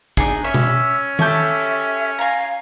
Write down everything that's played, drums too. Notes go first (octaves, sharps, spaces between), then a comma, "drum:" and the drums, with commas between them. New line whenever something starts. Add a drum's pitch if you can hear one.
D4 D#4 G#4, drum: kick
C#4 E5
drum: tom B2
G4 A4 C#5 E5, drum: tom D#3
F5 G#5 A#5